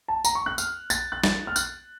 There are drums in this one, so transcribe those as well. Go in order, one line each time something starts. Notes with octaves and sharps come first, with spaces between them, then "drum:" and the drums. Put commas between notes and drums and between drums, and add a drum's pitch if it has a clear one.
A5
A#5, drum: tambourine
C#6
F#6
F6, drum: tambourine
A6, drum: tambourine
F#6
A6, drum: snare
F6
F#6, drum: tambourine